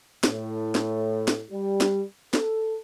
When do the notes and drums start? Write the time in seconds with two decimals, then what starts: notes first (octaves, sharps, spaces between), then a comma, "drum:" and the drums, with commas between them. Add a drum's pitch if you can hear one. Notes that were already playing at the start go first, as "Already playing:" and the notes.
0.24 A2, drum: snare
0.75 drum: snare
1.28 drum: snare
1.51 G3
1.81 drum: snare
2.33 A4, drum: snare